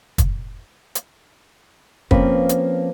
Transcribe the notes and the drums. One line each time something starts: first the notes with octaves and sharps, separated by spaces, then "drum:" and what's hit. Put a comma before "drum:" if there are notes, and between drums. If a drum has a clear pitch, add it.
drum: kick, hi-hat
drum: hi-hat
F3 A#3 C4 C#4 B4, drum: kick
drum: hi-hat